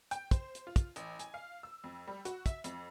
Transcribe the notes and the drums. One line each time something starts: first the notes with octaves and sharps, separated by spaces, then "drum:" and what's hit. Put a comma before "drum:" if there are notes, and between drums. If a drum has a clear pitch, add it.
G5, drum: hi-hat
C5, drum: kick, hi-hat
drum: hi-hat
F4
drum: kick, hi-hat
A1, drum: hi-hat
G#5, drum: hi-hat
F5
E6
F2
G3
F#4, drum: hi-hat
E5, drum: kick, hi-hat
F2, drum: hi-hat